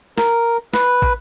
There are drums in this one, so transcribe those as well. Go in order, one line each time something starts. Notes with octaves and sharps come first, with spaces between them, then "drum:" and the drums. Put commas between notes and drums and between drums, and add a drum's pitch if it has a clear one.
A#4, drum: snare
B4, drum: snare
drum: kick